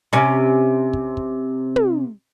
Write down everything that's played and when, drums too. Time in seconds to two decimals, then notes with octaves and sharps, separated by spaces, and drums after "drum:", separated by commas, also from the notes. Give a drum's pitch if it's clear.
0.13 C3 C#4
0.93 drum: kick
1.17 drum: kick
1.76 drum: tom